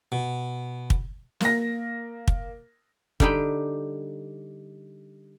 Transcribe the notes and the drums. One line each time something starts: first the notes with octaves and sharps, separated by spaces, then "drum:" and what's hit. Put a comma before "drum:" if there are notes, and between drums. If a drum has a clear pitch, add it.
B2
drum: kick
A#3 A#6, drum: snare
drum: kick
D3 G3 D4 D#4 G5 B5, drum: kick